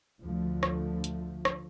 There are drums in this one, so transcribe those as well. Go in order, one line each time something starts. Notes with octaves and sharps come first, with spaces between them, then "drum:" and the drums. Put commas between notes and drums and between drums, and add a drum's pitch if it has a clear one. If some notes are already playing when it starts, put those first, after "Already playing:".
D2 D3 F3 A3
drum: rim click
drum: hi-hat
drum: rim click